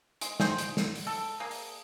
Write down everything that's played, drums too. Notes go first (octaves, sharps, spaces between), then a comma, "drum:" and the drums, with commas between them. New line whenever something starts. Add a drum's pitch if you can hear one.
G#3, drum: hi-hat
F3 G#4 G5 C6, drum: snare
drum: hi-hat
drum: snare
drum: open hi-hat
A4
A#3 G#4
drum: open hi-hat